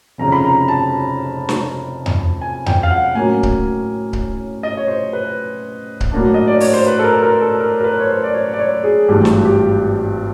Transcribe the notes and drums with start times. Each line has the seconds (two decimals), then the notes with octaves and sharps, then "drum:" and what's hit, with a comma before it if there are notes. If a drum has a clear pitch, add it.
0.18 F1 F2 C#3 A#5
0.32 B5
0.44 A#5
0.68 A5
1.49 drum: snare
2.06 drum: tom E2
2.42 G#5
2.66 G5, drum: tom E2
2.83 F5
2.91 F#5
3.15 A2 F#3 A#3 C#4 G#5
3.43 drum: kick C#1
4.13 drum: kick C#1
4.63 D#5
4.77 C#5
4.88 C5
5.13 B4
6.01 drum: kick C#1
6.12 A2 F#3 A#3 D4
6.34 D#5
6.47 D5
6.60 C#5, drum: open hi-hat
6.73 C5
6.87 B4
6.99 A4
7.04 A#4
7.23 A#4
7.41 A4
7.60 A#4
7.80 A#4
7.84 B4
7.99 C#5
8.09 C5
8.23 D5
8.34 C#5
8.53 D5
8.59 C#5
8.84 G#4
9.09 G#1 G2 E3 A3 G4
9.25 drum: snare
9.45 G4